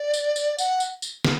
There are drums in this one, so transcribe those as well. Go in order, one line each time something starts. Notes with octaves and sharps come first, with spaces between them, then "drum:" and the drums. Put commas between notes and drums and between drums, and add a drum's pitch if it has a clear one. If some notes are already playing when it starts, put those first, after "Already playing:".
Already playing: D5
drum: tambourine
drum: tambourine
F#5, drum: tambourine
drum: tambourine
drum: tambourine
drum: snare